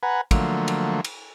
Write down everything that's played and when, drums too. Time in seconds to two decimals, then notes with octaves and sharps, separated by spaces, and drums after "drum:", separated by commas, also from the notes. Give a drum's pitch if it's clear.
0.03 B4 F#5 G#5 A#5
0.31 D3 F3 F#3 A3 A#3, drum: kick, cymbal
0.68 drum: cymbal
1.04 drum: cymbal